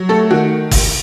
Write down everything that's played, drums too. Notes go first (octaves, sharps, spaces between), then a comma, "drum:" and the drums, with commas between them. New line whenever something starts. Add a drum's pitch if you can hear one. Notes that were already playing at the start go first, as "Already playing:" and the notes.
Already playing: F#3
A3 A4
D#3 F#4
drum: kick, open hi-hat